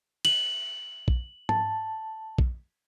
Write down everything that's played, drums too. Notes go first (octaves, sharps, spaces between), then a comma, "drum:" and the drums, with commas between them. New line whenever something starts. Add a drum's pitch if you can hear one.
F#7, drum: cymbal
drum: kick A#1
A5, drum: tom G#2
drum: kick A#1